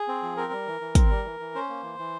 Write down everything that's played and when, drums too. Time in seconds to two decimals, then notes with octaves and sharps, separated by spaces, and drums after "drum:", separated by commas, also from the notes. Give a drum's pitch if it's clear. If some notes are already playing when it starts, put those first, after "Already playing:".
Already playing: G#4
0.08 C4
0.23 F3
0.37 C4 A#4
0.52 G3
0.67 E3
0.81 E3
0.95 C4, drum: kick, hi-hat
1.11 G3
1.25 E3
1.40 E3
1.55 C#4 C5
1.69 A#3
1.83 E3
1.99 E3